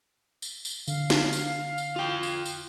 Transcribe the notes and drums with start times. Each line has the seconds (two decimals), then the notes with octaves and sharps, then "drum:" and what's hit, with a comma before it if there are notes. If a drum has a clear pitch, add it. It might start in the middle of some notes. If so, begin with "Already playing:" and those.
0.42 drum: tambourine
0.65 drum: tambourine
0.87 D3 F5, drum: tambourine
1.10 drum: snare
1.33 drum: tambourine
1.78 drum: tambourine
1.96 F4 G5
2.23 drum: tambourine
2.46 drum: tambourine